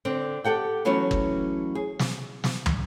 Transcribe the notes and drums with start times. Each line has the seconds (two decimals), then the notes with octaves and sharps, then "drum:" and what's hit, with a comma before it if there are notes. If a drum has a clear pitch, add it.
0.05 D3 C4
0.44 G4 A4 F#5 G5
0.85 E3 F#3 A3 B3 C#4 F#4
1.11 drum: kick
1.75 G#4
1.99 drum: snare
2.44 drum: snare
2.66 drum: tom